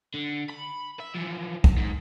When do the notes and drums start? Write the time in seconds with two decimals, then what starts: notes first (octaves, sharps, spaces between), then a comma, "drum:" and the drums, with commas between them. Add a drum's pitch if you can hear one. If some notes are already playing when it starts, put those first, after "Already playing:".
0.14 D3
0.50 B5
1.00 E5
1.15 E3 F3
1.64 drum: kick B1
1.77 G#2